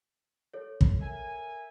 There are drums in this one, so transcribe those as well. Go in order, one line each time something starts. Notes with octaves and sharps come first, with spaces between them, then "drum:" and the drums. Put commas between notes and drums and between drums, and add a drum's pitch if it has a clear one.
A4 C#5
drum: kick
A#4 E5 G#5